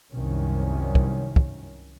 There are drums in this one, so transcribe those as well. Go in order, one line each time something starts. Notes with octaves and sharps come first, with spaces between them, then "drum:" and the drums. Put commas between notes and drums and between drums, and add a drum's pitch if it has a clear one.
C2 F#2 D#3 C#4
drum: kick
drum: kick